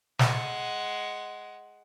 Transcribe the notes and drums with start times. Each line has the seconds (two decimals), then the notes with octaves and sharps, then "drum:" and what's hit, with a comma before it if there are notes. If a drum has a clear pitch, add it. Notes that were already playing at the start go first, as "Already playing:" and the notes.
0.19 G#3 F#5, drum: snare